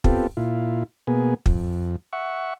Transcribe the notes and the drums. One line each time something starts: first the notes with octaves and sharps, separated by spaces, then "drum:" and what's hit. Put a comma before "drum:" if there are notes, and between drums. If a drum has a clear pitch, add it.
B3 C4 F4 G4 A4, drum: kick
A#2 E4 F4
B2 A#3 B3 G#4
F2, drum: kick
E5 F#5 C#6